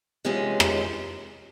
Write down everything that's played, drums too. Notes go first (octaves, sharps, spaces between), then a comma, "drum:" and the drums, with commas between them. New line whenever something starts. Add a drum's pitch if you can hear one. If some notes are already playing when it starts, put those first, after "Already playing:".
C3 E3 G#3 C#4 F4
drum: rim click